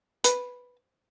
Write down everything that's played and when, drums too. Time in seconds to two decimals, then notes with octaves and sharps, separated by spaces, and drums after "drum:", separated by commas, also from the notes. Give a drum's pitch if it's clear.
0.24 B4, drum: hi-hat